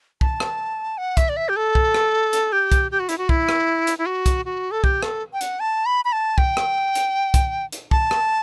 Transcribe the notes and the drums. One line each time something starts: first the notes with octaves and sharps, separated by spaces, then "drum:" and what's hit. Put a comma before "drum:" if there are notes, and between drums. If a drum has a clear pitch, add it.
A5, drum: kick
drum: rim click
F#5
E5, drum: kick, hi-hat
D5
E5
G4
A4
drum: kick
drum: rim click
drum: hi-hat
G4
drum: kick, hi-hat
G4
F#4
E4, drum: hi-hat
F#4
E4, drum: kick
drum: rim click
drum: hi-hat
E4
F#4
drum: kick, hi-hat
F#4
A4
G4, drum: kick
A4, drum: rim click
G5
F#5, drum: hi-hat
A5
B5
B5
A5
G5, drum: kick
drum: rim click
drum: hi-hat
drum: kick, hi-hat
drum: hi-hat
A5, drum: kick
drum: rim click